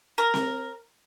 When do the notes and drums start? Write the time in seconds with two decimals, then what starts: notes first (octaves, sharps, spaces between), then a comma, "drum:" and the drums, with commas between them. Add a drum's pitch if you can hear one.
0.18 A#4
0.34 drum: snare C4